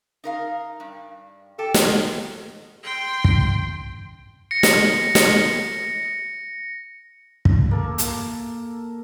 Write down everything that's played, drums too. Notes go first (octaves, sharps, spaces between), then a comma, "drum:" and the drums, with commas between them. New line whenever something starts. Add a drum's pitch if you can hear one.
D#4 A#4 F5
G2
G4 A4
D#3 E3 F#3 B3, drum: snare
G5 C6
drum: kick
A#6 C#7
drum: snare
drum: snare
drum: kick
A#3 A4
drum: hi-hat